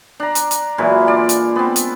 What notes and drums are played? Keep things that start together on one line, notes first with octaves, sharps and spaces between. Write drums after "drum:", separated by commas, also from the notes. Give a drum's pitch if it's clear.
D4 A#5
drum: hi-hat
drum: hi-hat
A#2 E3 F#3 G#3
F4 D5
drum: hi-hat
B3 C4
drum: hi-hat